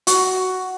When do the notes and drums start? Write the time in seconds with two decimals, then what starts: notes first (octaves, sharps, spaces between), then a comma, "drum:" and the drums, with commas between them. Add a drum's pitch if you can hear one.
0.07 F#4, drum: hi-hat